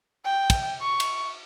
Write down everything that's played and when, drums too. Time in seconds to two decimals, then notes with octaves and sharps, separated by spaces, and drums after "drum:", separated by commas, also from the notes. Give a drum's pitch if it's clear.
0.25 G5
0.50 drum: kick, cymbal
0.81 C#6
1.00 drum: cymbal